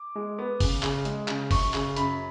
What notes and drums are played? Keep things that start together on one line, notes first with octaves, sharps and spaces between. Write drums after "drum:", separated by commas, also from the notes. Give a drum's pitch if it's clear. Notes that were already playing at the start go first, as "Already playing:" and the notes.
Already playing: D6
G#3
B3
C#3, drum: kick F#1, open hi-hat
C#3, drum: clap
G#3, drum: hi-hat
C#3, drum: clap
F#2 C#6, drum: kick F#1, open hi-hat
C#3, drum: clap
F#2 B5, drum: hi-hat